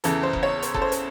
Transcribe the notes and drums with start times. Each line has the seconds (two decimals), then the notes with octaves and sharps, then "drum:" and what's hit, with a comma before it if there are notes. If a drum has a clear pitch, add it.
0.04 E2 C#3 E3 A4, drum: hi-hat
0.23 C5
0.33 drum: kick F#1
0.43 C#5
0.62 drum: hi-hat
0.74 A4, drum: kick F#1
0.82 C5
0.92 drum: hi-hat